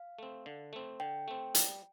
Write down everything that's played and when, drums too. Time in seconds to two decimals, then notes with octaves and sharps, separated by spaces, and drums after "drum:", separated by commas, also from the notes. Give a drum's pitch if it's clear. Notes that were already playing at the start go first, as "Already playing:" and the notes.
Already playing: F5
0.19 A3 C4
0.46 D3
0.73 A3 C4
1.00 D3 G5
1.28 A3 C4
1.55 G3, drum: hi-hat